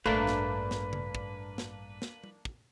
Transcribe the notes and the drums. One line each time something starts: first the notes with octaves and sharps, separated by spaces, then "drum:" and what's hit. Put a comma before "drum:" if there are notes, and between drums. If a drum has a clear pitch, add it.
A1 G2 A3 A#3 D4 B4
drum: snare
drum: snare
drum: tom C#3
drum: kick
drum: snare
drum: snare
drum: tom G3
drum: kick